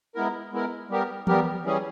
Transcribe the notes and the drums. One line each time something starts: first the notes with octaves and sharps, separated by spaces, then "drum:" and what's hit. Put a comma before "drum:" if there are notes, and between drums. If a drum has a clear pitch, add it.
G#3 B3 E4 A#4
G#3 B3 E4 A#4
G3 B3 G4 A#4
G3 B3 G4 A#4, drum: tom E3
E3 G3 C#4 G#4